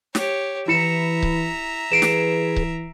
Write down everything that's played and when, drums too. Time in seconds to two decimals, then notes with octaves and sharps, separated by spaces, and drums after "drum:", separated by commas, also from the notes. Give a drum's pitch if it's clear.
0.15 G4 C#5, drum: snare
0.68 E3 E4 E5 A#5 B5 C#7 E7
1.23 drum: kick C#1
1.92 E3 G#4 B4 C7 D7 E7
2.02 drum: snare
2.56 drum: kick C#1